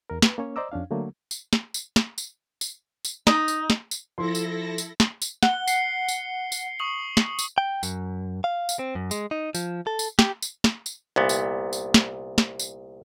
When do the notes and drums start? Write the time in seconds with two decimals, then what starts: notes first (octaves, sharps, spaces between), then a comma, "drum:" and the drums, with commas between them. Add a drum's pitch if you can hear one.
0.10 E2 A#4
0.22 B4, drum: snare
0.38 A#3 C#4 C#5
0.56 C5 D5 D#5 A#5 D6 E6
0.72 F2 C#4 D4 F5
0.91 D3 F#3 A3 A#3
1.31 drum: tambourine
1.53 drum: snare
1.74 drum: tambourine
1.96 drum: snare
2.18 drum: tambourine
2.61 drum: tambourine
3.05 drum: tambourine
3.27 D#4, drum: snare
3.48 drum: tambourine
3.70 drum: snare
3.91 drum: tambourine
4.18 F3 E4 A4 C6 A#6
4.35 drum: tambourine
4.78 drum: tambourine
5.00 drum: snare
5.22 drum: tambourine
5.43 F#5 G7, drum: snare
5.67 C7 C#7, drum: tambourine
6.08 drum: tambourine
6.52 drum: tambourine
6.79 C#6 D#6 F#7
7.17 drum: snare
7.39 drum: tambourine
7.58 G5
7.83 F#2, drum: tambourine
8.44 F5
8.69 drum: tambourine
8.79 C4
8.95 F#2
9.11 G#3, drum: tambourine
9.31 D#4
9.55 F3, drum: tambourine
9.87 A4
9.99 drum: tambourine
10.19 G4, drum: snare
10.42 drum: tambourine
10.64 drum: snare
10.86 drum: tambourine
11.16 C2 A#2 B3
11.29 drum: tambourine
11.73 drum: tambourine
11.94 drum: snare
12.38 drum: snare
12.59 drum: tambourine